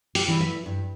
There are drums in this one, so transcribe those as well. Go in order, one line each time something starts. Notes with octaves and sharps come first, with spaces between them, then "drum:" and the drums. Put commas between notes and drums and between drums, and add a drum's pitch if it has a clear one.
G4, drum: open hi-hat
E3 G3 E4
E5
G2